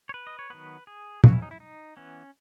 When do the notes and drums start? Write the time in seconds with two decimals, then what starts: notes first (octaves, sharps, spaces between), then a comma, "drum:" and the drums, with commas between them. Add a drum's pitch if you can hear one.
0.09 C#5
0.14 B4
0.27 D#5
0.39 C#5
0.50 D#3 F#3 B3 B4
0.87 G#4
1.24 C#3 F#3 C#4 F#4, drum: tom
1.32 E4
1.42 D#4
1.51 E4
1.60 D#4
1.97 E3 B3 C#4